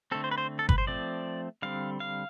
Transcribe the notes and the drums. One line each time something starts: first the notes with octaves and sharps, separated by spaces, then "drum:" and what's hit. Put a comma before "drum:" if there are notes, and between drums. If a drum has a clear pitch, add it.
D3 A3 C4 A4
C5
B4
C5
A4
B4, drum: kick G1
C5
F3 A3 C4 D5
D3 G3 C4 F5
F5